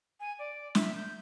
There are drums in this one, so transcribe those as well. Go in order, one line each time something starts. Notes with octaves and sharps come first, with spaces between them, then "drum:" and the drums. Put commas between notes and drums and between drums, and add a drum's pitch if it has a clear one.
G#5
D5
E5, drum: snare
G6